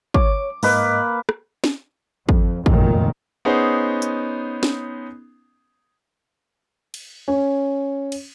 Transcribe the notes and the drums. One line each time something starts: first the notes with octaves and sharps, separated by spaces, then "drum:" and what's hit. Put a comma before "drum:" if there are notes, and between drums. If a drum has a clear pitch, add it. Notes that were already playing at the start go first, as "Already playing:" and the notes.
C#5 D6, drum: kick
G#2 A#3 B4 D#5 D6, drum: open hi-hat
drum: rim click
drum: snare
F2, drum: kick
F1 C#2 F#2 A#2 D#3, drum: kick
B3 C#4 D#4 G#4 C5
drum: hi-hat
drum: snare
drum: cymbal
C#4
drum: cymbal